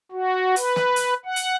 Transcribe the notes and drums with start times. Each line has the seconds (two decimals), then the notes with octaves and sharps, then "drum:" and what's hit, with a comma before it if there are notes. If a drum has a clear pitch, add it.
0.12 F#4
0.56 B4, drum: hi-hat
0.76 drum: snare
0.96 drum: hi-hat
1.25 F#5
1.36 drum: hi-hat